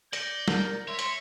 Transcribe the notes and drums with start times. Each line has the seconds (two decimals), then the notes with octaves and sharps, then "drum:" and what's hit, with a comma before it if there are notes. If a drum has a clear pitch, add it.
0.13 D5 G6 A#6 C#7, drum: hi-hat
0.48 A#4, drum: snare
0.88 C#5 E5 C6
0.99 drum: hi-hat